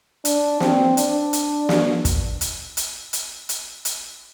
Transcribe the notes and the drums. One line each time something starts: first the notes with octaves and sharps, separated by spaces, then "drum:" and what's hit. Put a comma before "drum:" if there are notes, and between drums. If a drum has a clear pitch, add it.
D4, drum: hi-hat
C4, drum: snare
D4, drum: hi-hat
drum: hi-hat
drum: snare
drum: kick, hi-hat
drum: hi-hat
drum: hi-hat
drum: hi-hat
drum: hi-hat
drum: hi-hat